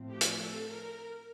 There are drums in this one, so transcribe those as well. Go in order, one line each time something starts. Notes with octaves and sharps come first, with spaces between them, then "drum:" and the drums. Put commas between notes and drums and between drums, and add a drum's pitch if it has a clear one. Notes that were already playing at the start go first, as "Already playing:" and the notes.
Already playing: A2 F3 A3 C4
G4
drum: hi-hat
A4
A#4